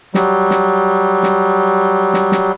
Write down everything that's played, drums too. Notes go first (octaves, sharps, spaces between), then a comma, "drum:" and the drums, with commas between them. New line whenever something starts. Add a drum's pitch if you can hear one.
F#3 G3, drum: snare
drum: snare
drum: snare
drum: snare
drum: snare